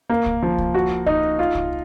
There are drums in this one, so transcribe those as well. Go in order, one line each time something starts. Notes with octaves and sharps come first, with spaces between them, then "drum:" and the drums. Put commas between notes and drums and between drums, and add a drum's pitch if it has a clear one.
A#3
drum: kick C2
F3
drum: kick C2
F#4
D#4, drum: kick C2
F4
drum: kick C2